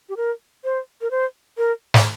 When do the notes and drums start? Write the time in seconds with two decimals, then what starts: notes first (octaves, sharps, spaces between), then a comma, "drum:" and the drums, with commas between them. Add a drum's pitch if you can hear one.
0.09 G4
0.17 A#4
0.64 C5
1.01 A#4
1.11 C5
1.57 A#4
1.94 drum: snare